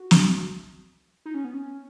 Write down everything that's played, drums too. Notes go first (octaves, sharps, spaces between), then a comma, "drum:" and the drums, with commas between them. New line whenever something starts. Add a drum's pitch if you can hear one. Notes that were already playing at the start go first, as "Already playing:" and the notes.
Already playing: F#4
drum: snare
D#4
C#4
B3
C#4